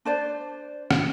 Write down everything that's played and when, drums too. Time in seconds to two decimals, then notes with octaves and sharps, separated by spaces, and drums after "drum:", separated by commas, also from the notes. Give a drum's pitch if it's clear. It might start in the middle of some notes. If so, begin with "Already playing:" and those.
0.05 D4 C5 D5
0.91 drum: rim click